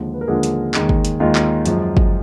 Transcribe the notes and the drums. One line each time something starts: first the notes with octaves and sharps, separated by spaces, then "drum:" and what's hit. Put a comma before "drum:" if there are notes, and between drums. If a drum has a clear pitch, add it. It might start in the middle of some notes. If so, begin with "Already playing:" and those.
Already playing: D#2 D3 F3 G#3 F4
B4
A#4
D#2 D3 F3 G#3 G#4
drum: hi-hat
D#2 D#3 G#3, drum: clap
drum: kick
drum: hi-hat
D#2 D#3 G#3 F4
drum: clap
F#2 F3 G#3, drum: hi-hat
drum: kick